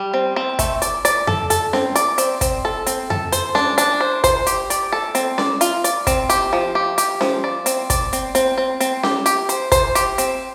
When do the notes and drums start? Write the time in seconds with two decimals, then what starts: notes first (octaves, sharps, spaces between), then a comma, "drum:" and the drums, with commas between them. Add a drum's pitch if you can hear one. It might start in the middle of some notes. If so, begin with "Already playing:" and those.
Already playing: G3
0.14 C4
0.36 C4
0.59 A3, drum: kick, hi-hat
0.82 D5, drum: hi-hat
1.05 D5, drum: hi-hat
1.27 A4, drum: tom F2
1.50 A4, drum: hi-hat
1.73 C4, drum: snare C#4
1.95 D5, drum: hi-hat
2.18 C4, drum: hi-hat
2.41 C4, drum: kick, hi-hat
2.65 A4
2.87 C4, drum: hi-hat
3.10 A4, drum: tom F2
3.32 C5, drum: hi-hat
3.55 D4, drum: snare C#4
3.78 D4, drum: hi-hat
4.01 C5
4.24 C5, drum: kick, hi-hat
4.47 G4, drum: hi-hat
4.70 D5, drum: hi-hat
4.92 A4
5.15 C4, drum: hi-hat
5.38 D5, drum: snare C#4
5.61 F4, drum: hi-hat
5.84 D5, drum: hi-hat
6.07 C4, drum: kick, hi-hat
6.30 G4, drum: hi-hat
6.53 F3
6.75 G4
6.98 G4, drum: hi-hat
7.21 F3, drum: snare C#4
7.44 D5
7.66 C4, drum: hi-hat
7.90 D5, drum: kick, hi-hat
8.13 C4, drum: hi-hat
8.35 C4, drum: hi-hat
8.58 C4
8.80 C4, drum: hi-hat
9.03 G4, drum: snare C#4
9.26 G4, drum: hi-hat
9.49 C5, drum: hi-hat
9.72 C5, drum: kick, hi-hat
9.95 G4, drum: hi-hat
10.18 C4, drum: hi-hat